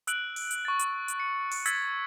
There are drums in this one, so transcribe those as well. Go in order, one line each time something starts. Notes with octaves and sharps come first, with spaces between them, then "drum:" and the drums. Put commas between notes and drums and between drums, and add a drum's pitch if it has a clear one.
E6 F#6 D7 F#7, drum: hi-hat
drum: open hi-hat
drum: hi-hat
C#6 A6
drum: hi-hat
drum: hi-hat
C#7
drum: open hi-hat
E6 G#6 A6 B6, drum: hi-hat